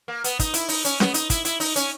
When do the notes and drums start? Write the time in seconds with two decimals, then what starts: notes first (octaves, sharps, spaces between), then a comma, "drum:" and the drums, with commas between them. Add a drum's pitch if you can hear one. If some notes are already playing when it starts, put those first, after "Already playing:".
0.08 A#3
0.24 B3, drum: hi-hat
0.39 D#4, drum: kick, hi-hat
0.54 E4, drum: hi-hat
0.69 D#4, drum: open hi-hat
0.85 C#4, drum: hi-hat
1.00 B3, drum: snare C#4
1.14 D#4, drum: hi-hat
1.30 E4, drum: kick, hi-hat
1.45 E4, drum: hi-hat
1.60 D#4, drum: open hi-hat
1.76 C#4, drum: hi-hat